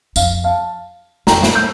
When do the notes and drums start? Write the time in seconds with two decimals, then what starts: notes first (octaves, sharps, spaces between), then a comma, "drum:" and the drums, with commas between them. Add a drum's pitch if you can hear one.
0.16 F2 F5, drum: tambourine
0.44 F5 A5
1.27 F2 G5 A#5, drum: snare
1.43 drum: snare
1.55 E6 G6